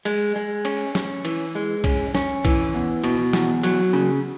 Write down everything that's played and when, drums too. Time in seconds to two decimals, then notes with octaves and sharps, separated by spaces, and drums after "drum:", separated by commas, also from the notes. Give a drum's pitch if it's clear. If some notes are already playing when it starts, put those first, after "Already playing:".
0.05 G#3, drum: cymbal
0.36 G#3
0.65 C#4, drum: cymbal
0.95 C#4, drum: snare
1.25 E3, drum: cymbal
1.55 G#3
1.84 C#4, drum: kick B1, cymbal
2.15 C#4, drum: snare
2.45 E3, drum: kick B1, cymbal
2.75 E2
3.04 B2, drum: cymbal
3.33 E2, drum: snare
3.63 F#3, drum: cymbal
3.93 C#3